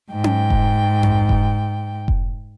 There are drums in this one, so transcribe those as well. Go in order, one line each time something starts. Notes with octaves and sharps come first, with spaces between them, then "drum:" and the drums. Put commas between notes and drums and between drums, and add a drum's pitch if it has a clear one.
G#2 G5
drum: tom C#4
drum: kick F1
drum: tom F2
drum: kick F1
drum: kick F1